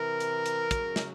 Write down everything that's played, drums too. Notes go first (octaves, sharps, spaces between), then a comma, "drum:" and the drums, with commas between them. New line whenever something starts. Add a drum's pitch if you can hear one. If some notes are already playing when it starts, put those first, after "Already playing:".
Already playing: C3 E3 A#4
drum: hi-hat
drum: hi-hat
C#3 F#3, drum: kick, hi-hat
drum: snare